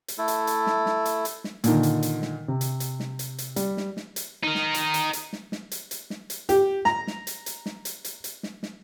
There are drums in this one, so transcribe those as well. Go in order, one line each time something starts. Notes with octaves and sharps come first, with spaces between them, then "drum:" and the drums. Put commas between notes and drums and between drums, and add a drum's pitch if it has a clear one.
drum: hi-hat
A3 E4 A4
drum: hi-hat
drum: hi-hat
drum: snare
drum: snare
drum: hi-hat
drum: hi-hat
drum: snare
A#2 D3 D#3, drum: hi-hat
drum: hi-hat
drum: hi-hat
drum: snare
C3
drum: hi-hat
drum: hi-hat
drum: snare
drum: hi-hat
drum: hi-hat
G3, drum: hi-hat
drum: snare
drum: snare
drum: hi-hat
D#4 A#4
drum: snare
drum: hi-hat
drum: hi-hat
drum: hi-hat
drum: snare
drum: snare
drum: hi-hat
drum: hi-hat
drum: snare
drum: hi-hat
G4, drum: hi-hat
A#5, drum: snare
drum: snare
drum: hi-hat
drum: hi-hat
drum: snare
drum: hi-hat
drum: hi-hat
drum: hi-hat
drum: snare
drum: snare